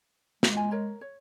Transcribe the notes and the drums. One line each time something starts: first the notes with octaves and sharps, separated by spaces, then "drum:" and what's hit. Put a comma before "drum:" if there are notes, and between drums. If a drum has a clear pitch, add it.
G#3, drum: snare
F4 G#5
A#4 C#5 A#5
C#5